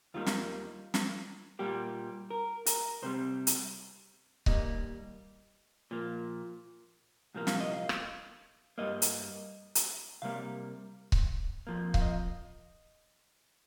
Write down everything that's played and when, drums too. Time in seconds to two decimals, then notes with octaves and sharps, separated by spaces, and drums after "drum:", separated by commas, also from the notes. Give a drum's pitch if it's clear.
0.14 D#2 D#3 G3 A#3 F4
0.26 drum: snare
0.94 drum: snare
1.59 A#2 G3 A#3 G4
2.30 A#4
2.66 A#4, drum: hi-hat
3.02 C2 C3 G3 C5
3.47 drum: hi-hat
4.46 D#2 D#3 G3 A#3 D#5, drum: kick C#1
5.91 A#2 F3 A#3
7.34 C2 A#2 F3 A#3
7.47 F5, drum: snare
7.60 D#5
7.74 F5
7.89 drum: rim click
8.78 G2 G3 A#3 D#5
9.02 drum: hi-hat
9.75 drum: hi-hat
10.22 C2 C3 G3 A#3 F5
11.12 drum: kick C#1
11.67 F2 F3 A#3
11.94 F5, drum: kick C#1
12.02 D#5